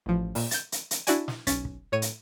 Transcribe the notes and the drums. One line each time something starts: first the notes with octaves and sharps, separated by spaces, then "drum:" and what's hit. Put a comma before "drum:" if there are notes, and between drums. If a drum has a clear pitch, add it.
A1 F3
A#2, drum: open hi-hat
G6 A6, drum: hi-hat
drum: hi-hat
drum: hi-hat
D4 E4 F#4 D5 G#5, drum: hi-hat
drum: snare
B1 C#4 A6 B6, drum: kick, hi-hat
drum: kick
A2 C#5 D#7
drum: hi-hat